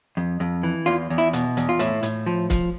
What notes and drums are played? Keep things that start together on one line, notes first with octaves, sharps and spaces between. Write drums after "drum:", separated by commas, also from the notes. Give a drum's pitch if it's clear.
F2
F2
E3
E2 F4
E2
E4
B2, drum: hi-hat
E2, drum: hi-hat
F4
A2 E4, drum: hi-hat
A2, drum: hi-hat
F3
F3, drum: kick, hi-hat